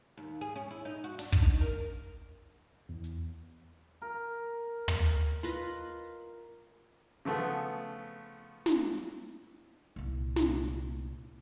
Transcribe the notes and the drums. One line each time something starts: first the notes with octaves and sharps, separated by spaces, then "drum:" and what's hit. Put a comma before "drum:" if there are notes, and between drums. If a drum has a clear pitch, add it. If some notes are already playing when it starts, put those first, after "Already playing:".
D#2
G#4
C#4
E4
D#4
F#4
D4, drum: open hi-hat
drum: kick
D#4
A#4
E2
drum: hi-hat
A#4
drum: tom
F4 B4 D#5
C#3 F3 A3 B3
drum: snare
C2 A#2
drum: snare